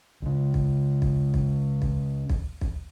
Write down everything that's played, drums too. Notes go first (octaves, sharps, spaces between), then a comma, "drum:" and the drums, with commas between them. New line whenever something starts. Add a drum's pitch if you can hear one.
C#2 C#3
drum: kick
drum: kick
drum: kick
drum: kick
drum: kick
drum: kick